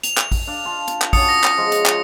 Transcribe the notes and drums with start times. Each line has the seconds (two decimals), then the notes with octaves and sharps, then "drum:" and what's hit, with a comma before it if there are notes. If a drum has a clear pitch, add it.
0.03 F7, drum: hi-hat
0.17 drum: clap
0.32 drum: kick A1, open hi-hat
0.47 D4 F5
0.65 F4 A5
0.88 drum: hi-hat
1.02 drum: clap
1.13 C#4 F#4 A5 D#6 C#7, drum: kick A1, open hi-hat
1.29 D#6 A#6
1.44 drum: clap
1.58 F3 G#3
1.72 drum: hi-hat
1.86 drum: clap